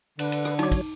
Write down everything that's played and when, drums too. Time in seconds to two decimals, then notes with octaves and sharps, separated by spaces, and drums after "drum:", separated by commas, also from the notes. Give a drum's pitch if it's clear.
0.19 D3 B4, drum: cymbal
0.32 drum: cymbal
0.45 drum: rim click
0.59 F#3 D#4 C#5 D6, drum: cymbal
0.72 drum: kick, cymbal